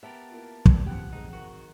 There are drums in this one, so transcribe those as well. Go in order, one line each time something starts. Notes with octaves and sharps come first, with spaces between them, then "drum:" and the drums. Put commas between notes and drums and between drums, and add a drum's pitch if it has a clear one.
B3 G4 A#4 E5 A5
A#3 E4 F4
E2 C3, drum: kick
C#3 F3 G4 F#5
D2 C4 D#4 G#4
D#3 F#4